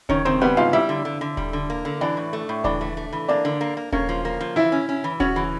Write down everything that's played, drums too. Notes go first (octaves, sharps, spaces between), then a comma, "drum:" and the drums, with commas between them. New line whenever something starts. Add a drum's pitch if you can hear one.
D#3 C#4 C#5, drum: kick D#1
D#3 C4 C5
G3 B3 B4
G#2 F4 F5
G3 E4 E5
D3
D3
D3
G3, drum: kick D#1
D3
A#3
D3
E3 D4 D5
A2
A3
A2
E3 D4 D5, drum: kick D#1
A3
A3
E3
A#3 D4 D5
D3
A#3
A#3
A#3 C#4 C#5, drum: kick D#1
F3
A#3
F3
E3 E4 E5
C#4
C#4
E3
C#4 F#4 C#5, drum: kick D#1
E3